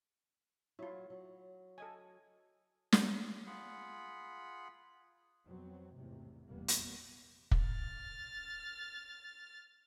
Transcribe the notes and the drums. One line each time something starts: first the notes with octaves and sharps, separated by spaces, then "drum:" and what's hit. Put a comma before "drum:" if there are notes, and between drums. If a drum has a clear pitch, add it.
F#3 E4 F4
F#3
A4 D#5 G#5
drum: snare
F4 G#4 F#5 B5
F2 F#3 B3 C4
G#1 E2 A2 C3
F1 A#1 E2 G3 A#3 B3
drum: hi-hat
drum: kick
F6 A6